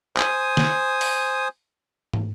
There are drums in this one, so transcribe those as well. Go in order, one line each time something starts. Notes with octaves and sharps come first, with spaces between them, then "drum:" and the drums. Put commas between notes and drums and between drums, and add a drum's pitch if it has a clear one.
C5 G#5 D#6, drum: clap
drum: snare
drum: open hi-hat
drum: tom